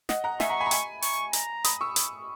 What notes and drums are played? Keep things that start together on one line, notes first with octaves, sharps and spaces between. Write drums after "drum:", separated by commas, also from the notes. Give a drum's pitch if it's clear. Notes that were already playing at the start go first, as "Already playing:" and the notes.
D#5 F#5, drum: snare
F#5 A#5
E5 G#5 C#6, drum: snare
F#5 A#5
G#5 B5
A#5
G#5 B5, drum: hi-hat
C#6, drum: open hi-hat
A#5, drum: hi-hat
B5 D#6, drum: hi-hat
C#6 E6
drum: hi-hat